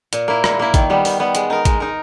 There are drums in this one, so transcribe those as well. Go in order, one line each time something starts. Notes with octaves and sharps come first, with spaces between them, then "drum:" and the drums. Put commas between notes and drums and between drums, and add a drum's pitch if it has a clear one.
A#2, drum: hi-hat
A#3 E4
A#2, drum: rim click
A#3 E4
D#3, drum: kick A1, hi-hat
G3 B3
D#3, drum: open hi-hat
G3 B3
G#3, drum: hi-hat
D#4 A#4
G#3, drum: kick A1, hi-hat
D#4 A#4